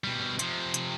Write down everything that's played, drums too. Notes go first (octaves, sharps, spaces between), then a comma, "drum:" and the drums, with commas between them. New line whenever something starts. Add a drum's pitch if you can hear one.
B2 G3
C3 F3, drum: hi-hat
drum: hi-hat